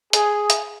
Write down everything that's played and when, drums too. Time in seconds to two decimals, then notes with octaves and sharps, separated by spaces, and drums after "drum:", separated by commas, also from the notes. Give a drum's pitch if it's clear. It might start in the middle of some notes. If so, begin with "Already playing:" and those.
0.13 G#4, drum: hi-hat
0.50 drum: hi-hat